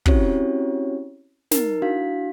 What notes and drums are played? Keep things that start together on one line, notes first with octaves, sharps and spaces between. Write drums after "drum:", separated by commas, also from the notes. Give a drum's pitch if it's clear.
C4 C#4 E4 F#4 G4 C#5, drum: kick
D#4 A#4, drum: snare
D4 E4 F#4 F5 B6